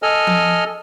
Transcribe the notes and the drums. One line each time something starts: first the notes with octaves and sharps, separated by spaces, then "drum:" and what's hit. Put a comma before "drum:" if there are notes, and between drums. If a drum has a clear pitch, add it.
A4 D#5 G#5 F6
drum: tom F3